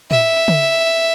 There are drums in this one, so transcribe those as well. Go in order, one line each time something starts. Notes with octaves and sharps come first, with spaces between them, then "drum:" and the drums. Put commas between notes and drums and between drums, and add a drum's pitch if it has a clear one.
E5, drum: tom A2
drum: tom